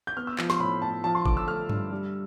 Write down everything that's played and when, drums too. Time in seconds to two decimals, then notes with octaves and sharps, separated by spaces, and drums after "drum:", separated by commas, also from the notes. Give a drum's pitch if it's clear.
0.07 G6
0.17 B3 F6
0.27 E6
0.38 F3, drum: clap
0.50 C6, drum: snare
0.60 A2 B5
0.82 A2 A5
1.04 F3 A5
1.15 C6
1.26 D3 D6, drum: kick G1
1.37 E6
1.48 A3 F6
1.69 G2, drum: tom G2
1.91 G3